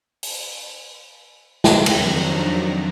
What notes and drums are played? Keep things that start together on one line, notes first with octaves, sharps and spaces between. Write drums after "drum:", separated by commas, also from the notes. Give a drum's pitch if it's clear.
drum: open hi-hat
drum: snare
F2 D#3 F3 F#3 D4 A#5, drum: cymbal